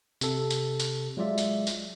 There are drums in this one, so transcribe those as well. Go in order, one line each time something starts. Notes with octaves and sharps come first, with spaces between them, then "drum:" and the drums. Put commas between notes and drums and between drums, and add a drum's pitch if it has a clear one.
C3 A4, drum: tambourine
drum: tambourine
drum: tambourine
F#3 G#3 F4 D5 E5
drum: tambourine
drum: tambourine